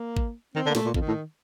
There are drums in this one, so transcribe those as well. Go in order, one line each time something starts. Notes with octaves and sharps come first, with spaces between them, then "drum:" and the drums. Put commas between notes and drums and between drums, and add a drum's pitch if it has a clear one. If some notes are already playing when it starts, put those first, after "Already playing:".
Already playing: A#3
drum: kick
D#3 C4
D3
A#3
A#2 A3, drum: snare
A#2
F2 D#3, drum: kick
A2